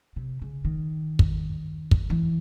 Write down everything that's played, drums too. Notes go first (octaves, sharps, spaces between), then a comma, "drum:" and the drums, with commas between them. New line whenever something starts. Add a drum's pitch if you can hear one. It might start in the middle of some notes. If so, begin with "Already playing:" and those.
C3
C#3
D#3
drum: kick
drum: kick
E3